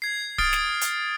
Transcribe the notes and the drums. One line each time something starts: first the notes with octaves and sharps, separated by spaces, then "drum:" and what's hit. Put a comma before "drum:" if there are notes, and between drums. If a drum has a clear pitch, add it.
G#6 C7
D#6 F6 A6 C7 D7, drum: kick D1
drum: snare
drum: hi-hat